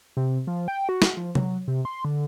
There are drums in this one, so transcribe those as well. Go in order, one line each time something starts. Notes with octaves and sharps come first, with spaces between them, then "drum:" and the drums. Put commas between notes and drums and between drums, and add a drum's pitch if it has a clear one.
C3
F3
G5
F#4
drum: snare
F3
F#3, drum: tom C3
C3
C6
D3